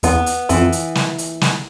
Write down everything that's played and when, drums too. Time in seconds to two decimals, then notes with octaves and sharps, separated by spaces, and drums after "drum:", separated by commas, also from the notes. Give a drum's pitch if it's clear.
0.03 E2 B3, drum: hi-hat
0.26 drum: hi-hat
0.49 F2 E3, drum: hi-hat
0.72 drum: hi-hat
0.95 drum: snare
1.18 drum: hi-hat
1.41 drum: snare